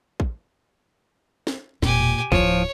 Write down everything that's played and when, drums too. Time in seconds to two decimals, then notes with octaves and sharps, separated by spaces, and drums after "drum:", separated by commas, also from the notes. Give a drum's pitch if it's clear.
0.20 drum: kick
1.47 drum: snare
1.82 E1 A#2 G4 G#5, drum: snare
2.00 drum: tom A2
2.32 D1 G#1 F3 E4 F4 C#5, drum: kick